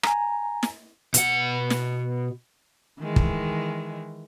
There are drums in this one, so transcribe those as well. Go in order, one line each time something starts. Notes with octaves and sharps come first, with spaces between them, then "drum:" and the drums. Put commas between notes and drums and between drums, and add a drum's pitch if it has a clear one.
G#5 A#5, drum: rim click
drum: snare
B2 F#5, drum: hi-hat
drum: snare
D#3 E3 G#3
drum: kick